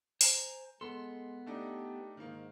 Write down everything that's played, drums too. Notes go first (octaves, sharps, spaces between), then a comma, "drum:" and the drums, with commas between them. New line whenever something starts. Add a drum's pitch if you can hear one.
C5 G#5 A#5, drum: open hi-hat
G#3 B3 A4 C6
A3 D4 D#4 G4
G#2 D#3 A#3